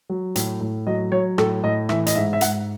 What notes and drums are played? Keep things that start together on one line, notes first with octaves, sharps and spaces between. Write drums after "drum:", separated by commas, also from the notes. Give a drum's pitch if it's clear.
F#3
A2, drum: hi-hat
A2
F#3 D#5
F#3 C#5
A2 A4, drum: rim click
A2 D#5
E3 E5, drum: rim click
D#5, drum: hi-hat
G#2 E5
E5
G#2 F#5, drum: hi-hat